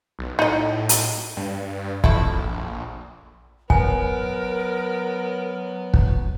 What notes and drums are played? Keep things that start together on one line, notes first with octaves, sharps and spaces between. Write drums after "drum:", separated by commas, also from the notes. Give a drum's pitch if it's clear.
B1
A2 D#4 D#5
drum: hi-hat
G2
F2 A3 E4, drum: kick
A#1
F#3 B3 A#4 G#5, drum: kick
drum: kick